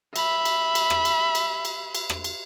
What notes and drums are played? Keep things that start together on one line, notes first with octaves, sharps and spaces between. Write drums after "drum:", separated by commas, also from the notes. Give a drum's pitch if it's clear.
E5 B5, drum: cymbal
drum: cymbal
drum: cymbal
drum: rim click
drum: cymbal
drum: cymbal
drum: cymbal
drum: cymbal
drum: rim click
drum: cymbal